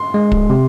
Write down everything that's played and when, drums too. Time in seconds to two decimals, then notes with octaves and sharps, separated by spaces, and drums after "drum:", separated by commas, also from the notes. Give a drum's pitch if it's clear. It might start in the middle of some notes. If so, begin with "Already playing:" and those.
Already playing: C6
0.14 G#3
0.32 drum: kick
0.50 C3